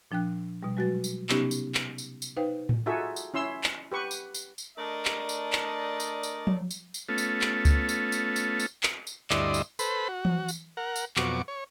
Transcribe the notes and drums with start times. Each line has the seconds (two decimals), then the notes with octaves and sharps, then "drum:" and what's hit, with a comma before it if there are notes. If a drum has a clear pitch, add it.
0.11 A#2 F3 D4 G5 F#6
0.63 B2 G3
0.77 F#3 G#3 F#4 B4 A6
1.04 drum: tambourine
1.29 C3 B3 C#4 D#4 G4, drum: clap
1.51 drum: tambourine
1.75 drum: clap
1.98 drum: tambourine
2.22 drum: tambourine
2.37 D#4 B4 C5 F5 G5
2.69 drum: tom A2
2.86 D#4 F4 F#4 G#4 A4 E5
3.16 drum: tambourine
3.34 C#4 E4 C6 E6
3.64 drum: clap
3.92 G4 B4 C#6
4.11 drum: tambourine
4.34 drum: tambourine
4.58 drum: tambourine
4.77 A3 D4 A#4 D5 D#5
5.05 drum: clap
5.29 drum: tambourine
5.53 drum: clap
6.00 drum: tambourine
6.23 drum: tambourine
6.47 drum: tom F3
6.71 drum: tambourine
6.94 drum: tambourine
7.09 A3 B3 C#4 F4 A4
7.18 drum: tambourine
7.41 drum: clap
7.65 drum: kick C#2, tambourine
7.89 drum: tambourine
8.12 drum: tambourine
8.36 drum: tambourine
8.60 drum: tambourine
8.83 drum: clap
9.07 drum: tambourine
9.30 D2 G2 E4 D5 D#5 C6, drum: clap
9.54 drum: tambourine
9.79 A4 B4 C5 B5, drum: tambourine
10.08 F#4
10.25 drum: tom E3
10.48 drum: tambourine
10.77 A#4 F#5
10.96 drum: tambourine
11.16 F2 B2 F#3 C#6 D6, drum: clap
11.48 C#5